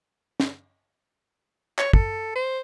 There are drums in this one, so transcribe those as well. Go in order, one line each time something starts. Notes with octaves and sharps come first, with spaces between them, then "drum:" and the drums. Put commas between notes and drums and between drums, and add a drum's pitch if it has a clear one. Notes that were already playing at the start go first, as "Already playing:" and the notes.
drum: snare
C#5, drum: clap
A4, drum: kick
C5